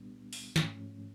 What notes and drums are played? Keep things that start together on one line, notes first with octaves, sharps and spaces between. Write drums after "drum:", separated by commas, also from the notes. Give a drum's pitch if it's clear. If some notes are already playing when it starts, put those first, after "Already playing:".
Already playing: C2 A#2 G3 B3 D4
drum: open hi-hat
G#2 F3 A3 C#4, drum: snare